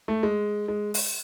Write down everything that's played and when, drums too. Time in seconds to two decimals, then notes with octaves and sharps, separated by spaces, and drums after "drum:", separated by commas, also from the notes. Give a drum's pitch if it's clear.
0.08 A3
0.23 G#3
0.68 G#3
0.94 drum: open hi-hat